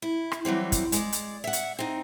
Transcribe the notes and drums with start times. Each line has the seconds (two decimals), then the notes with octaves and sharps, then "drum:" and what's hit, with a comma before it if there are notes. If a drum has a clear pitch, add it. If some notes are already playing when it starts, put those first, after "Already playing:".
0.02 E4
0.32 drum: rim click
0.45 E3 F#3 G3 C4
0.72 drum: kick, hi-hat
0.92 G#3 D5, drum: hi-hat
1.12 drum: hi-hat
1.44 E5 F#5
1.53 drum: hi-hat
1.79 C4 D#4